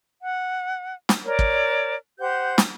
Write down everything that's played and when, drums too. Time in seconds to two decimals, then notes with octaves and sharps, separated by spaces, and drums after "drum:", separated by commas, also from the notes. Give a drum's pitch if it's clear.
0.20 F#5
1.09 drum: snare
1.25 A#4 C#5 D5
1.39 drum: kick
2.19 G4 C5 F#5 G6
2.58 drum: snare